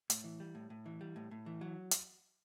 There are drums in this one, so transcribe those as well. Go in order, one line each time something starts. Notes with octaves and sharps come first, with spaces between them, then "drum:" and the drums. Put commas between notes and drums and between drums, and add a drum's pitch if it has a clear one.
A2, drum: hi-hat
E3
G3
A2
A2
E3
G3
A2
A2
E3
F#3
drum: hi-hat